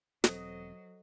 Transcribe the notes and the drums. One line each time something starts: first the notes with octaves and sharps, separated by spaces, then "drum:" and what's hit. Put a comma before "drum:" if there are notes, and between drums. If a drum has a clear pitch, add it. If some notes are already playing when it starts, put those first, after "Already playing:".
E1 F#3 C4 A4 C5 D#5, drum: snare